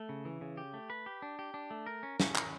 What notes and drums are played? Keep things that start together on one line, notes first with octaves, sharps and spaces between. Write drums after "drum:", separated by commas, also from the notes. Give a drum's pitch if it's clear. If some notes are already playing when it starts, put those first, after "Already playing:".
Already playing: A3
C#3
E3
C#3
G4
A3
B4
G4
D4
G4
D4
A3
A#4
C#4
C#4, drum: snare
A#4, drum: clap